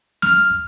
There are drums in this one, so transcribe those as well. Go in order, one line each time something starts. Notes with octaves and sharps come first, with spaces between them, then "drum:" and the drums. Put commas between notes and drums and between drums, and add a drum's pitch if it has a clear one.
F6, drum: snare